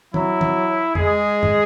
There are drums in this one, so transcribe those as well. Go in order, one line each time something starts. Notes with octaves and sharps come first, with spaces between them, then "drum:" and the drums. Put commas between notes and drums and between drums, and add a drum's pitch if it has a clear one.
F#3 E4, drum: tom
drum: tom
G#3 G#4, drum: tom F2
drum: tom